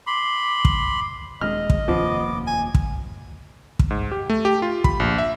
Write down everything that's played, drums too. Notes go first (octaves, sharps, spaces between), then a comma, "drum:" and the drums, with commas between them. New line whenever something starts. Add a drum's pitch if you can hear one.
B5 C6 D6
drum: kick
D#1 G#3 D#5 F6
drum: kick
F1 D#2 A#2 F3 B3 D6
G#5
drum: kick
drum: kick
G#2
G4
A3
G4
F4
B5, drum: kick
A#1
E5